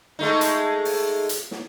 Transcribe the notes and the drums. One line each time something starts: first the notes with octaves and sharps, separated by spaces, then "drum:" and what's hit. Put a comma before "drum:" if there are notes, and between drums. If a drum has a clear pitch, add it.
G#3 A3 D#4
drum: hi-hat
drum: open hi-hat
drum: hi-hat
drum: snare